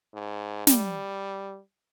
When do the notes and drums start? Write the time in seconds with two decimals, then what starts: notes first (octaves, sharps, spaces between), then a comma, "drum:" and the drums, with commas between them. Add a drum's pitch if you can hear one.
0.13 G#2
0.67 G3, drum: snare